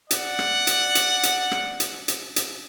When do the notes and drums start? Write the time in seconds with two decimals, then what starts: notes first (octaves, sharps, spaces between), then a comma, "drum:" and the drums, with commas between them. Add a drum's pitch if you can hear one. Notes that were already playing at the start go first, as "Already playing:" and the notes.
0.11 D5 F#5, drum: hi-hat
0.39 drum: rim click
0.67 drum: hi-hat
0.95 drum: hi-hat
1.23 drum: hi-hat
1.52 drum: rim click
1.80 drum: hi-hat
2.08 drum: hi-hat
2.36 drum: hi-hat